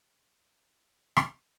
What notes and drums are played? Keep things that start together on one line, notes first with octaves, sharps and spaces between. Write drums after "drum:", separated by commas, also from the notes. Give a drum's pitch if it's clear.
D#2 C#3 F#3 C4
drum: rim click